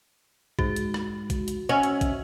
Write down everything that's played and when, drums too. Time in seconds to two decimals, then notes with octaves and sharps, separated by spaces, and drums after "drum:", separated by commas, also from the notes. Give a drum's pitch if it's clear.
0.59 G#2 F#4, drum: kick
0.76 drum: hi-hat
0.94 drum: rim click
1.30 drum: kick, hi-hat
1.48 drum: hi-hat
1.69 C#4 F#4 D#5 E5 G#5
1.83 drum: hi-hat
2.01 drum: kick, hi-hat